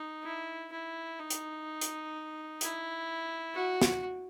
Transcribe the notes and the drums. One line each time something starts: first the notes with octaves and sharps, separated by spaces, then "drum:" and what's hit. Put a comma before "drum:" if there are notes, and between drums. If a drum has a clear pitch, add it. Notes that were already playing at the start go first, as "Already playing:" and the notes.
Already playing: D#4
E4
E4
D#4
drum: hi-hat
drum: hi-hat
E4, drum: hi-hat
F#4
drum: snare